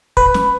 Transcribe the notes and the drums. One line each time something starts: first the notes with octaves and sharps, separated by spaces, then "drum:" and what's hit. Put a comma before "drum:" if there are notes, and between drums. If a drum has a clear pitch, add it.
B4, drum: kick
drum: snare